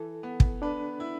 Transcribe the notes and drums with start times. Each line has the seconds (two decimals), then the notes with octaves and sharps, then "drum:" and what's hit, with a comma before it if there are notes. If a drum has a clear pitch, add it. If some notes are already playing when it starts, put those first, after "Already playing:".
Already playing: E3 A4
0.23 B3
0.40 drum: kick
0.62 D4 B4
1.00 E4